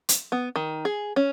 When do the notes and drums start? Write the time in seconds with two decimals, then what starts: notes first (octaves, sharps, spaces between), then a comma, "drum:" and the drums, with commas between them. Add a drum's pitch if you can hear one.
0.09 drum: hi-hat
0.32 B3
0.56 D#3
0.85 G#4
1.16 C#4